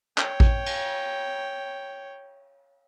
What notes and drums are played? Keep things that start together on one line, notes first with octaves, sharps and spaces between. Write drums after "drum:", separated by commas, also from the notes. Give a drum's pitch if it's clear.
C#5 G5, drum: clap
drum: kick A1
drum: cymbal